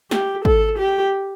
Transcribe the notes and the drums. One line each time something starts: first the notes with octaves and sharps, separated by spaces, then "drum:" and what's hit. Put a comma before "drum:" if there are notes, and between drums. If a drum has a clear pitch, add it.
G4, drum: snare
A4, drum: kick
G4